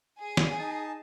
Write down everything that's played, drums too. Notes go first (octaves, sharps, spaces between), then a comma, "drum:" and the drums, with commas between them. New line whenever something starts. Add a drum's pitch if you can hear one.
G#4 G#5
drum: snare
D#4 A5